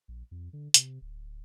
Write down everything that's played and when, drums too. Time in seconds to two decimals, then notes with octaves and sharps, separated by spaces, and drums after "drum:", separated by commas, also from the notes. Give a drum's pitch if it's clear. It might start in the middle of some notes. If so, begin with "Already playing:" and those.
0.08 A#1
0.31 F2
0.53 D3
0.74 C3, drum: hi-hat
1.01 D1